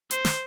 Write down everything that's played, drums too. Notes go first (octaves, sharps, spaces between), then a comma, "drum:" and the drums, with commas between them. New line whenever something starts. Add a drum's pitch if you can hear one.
C5, drum: hi-hat
drum: snare